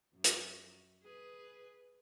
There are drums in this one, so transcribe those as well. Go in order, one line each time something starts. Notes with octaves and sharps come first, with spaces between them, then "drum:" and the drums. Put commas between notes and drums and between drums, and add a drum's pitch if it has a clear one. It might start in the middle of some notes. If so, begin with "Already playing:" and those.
F#2
drum: hi-hat
G#4 B4